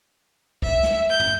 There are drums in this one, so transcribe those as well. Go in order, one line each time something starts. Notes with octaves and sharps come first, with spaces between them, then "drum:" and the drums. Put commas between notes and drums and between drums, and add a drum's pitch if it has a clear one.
E5, drum: kick
drum: snare
G6
drum: tom